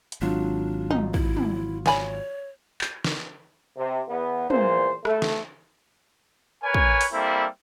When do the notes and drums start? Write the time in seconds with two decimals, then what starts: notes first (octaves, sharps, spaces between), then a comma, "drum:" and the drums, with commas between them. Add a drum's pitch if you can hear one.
0.12 drum: hi-hat
0.21 G#1 F#3 D4 F4
0.91 D#4, drum: tom
1.14 E4, drum: kick
1.37 drum: tom
1.86 C#5 D5 G#5 B5, drum: snare
2.81 drum: clap
3.04 drum: snare
3.77 C3
4.08 E2 B3
4.50 E2 A#2 C5, drum: tom
5.05 A3, drum: rim click
5.22 drum: snare
6.64 A#4 B4 C#5 G#5
6.74 drum: kick
7.01 drum: open hi-hat
7.13 G3 A#3 C4 E4 A4